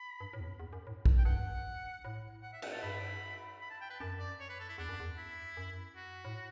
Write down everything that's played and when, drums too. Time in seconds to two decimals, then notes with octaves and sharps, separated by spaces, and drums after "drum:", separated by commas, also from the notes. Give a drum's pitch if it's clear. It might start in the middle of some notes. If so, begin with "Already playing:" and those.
Already playing: B5
0.20 G2
0.33 A2
0.40 E2
0.47 F#2
0.60 E2
0.73 F#2
0.87 A2
1.06 G2, drum: kick
1.18 G5
1.25 G2 F#5
2.05 A2
2.43 F#5
2.53 E5
2.62 F#5, drum: cymbal
2.72 A5
2.83 G2 B5
3.61 B5
3.70 A5
3.81 G5
3.90 B4
4.00 F#2 A5
4.19 D5
4.40 C#5
4.49 B4
4.60 A4
4.69 E4
4.78 E2 D4
4.89 F#2
5.00 E2
5.17 E4
5.57 F#2
5.96 F#4
6.25 A2